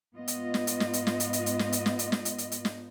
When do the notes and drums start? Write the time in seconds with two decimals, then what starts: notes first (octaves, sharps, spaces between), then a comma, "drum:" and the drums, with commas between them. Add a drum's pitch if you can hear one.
0.14 G#2 B3 F4 D#5
0.28 drum: hi-hat
0.54 drum: snare
0.67 drum: hi-hat
0.80 drum: snare
0.93 drum: hi-hat
1.07 drum: snare
1.20 drum: hi-hat
1.33 drum: hi-hat
1.46 drum: hi-hat
1.59 drum: snare
1.72 drum: hi-hat
1.86 drum: snare
1.99 drum: hi-hat
2.12 drum: snare
2.25 drum: hi-hat
2.38 drum: hi-hat
2.52 drum: hi-hat
2.65 drum: snare